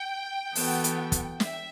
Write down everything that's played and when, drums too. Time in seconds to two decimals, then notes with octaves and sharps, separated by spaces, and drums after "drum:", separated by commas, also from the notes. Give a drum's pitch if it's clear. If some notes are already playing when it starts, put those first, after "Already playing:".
Already playing: G5
0.55 E3 B3 F#4 A4, drum: open hi-hat
0.84 drum: hi-hat
1.12 drum: kick, hi-hat
1.40 E5, drum: snare